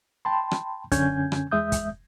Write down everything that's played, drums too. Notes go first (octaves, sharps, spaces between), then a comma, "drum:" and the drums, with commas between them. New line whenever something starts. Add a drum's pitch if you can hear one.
G5 A5 B5 C6
drum: rim click
F#2 D3 C#4 G#5 G6 G#6, drum: kick, hi-hat
drum: rim click
E2 G#3 E5 D#6 G6
drum: kick, hi-hat